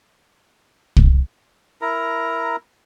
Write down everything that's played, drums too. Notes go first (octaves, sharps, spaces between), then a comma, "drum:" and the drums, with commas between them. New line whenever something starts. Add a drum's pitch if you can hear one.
drum: kick
E4 A#4 A#5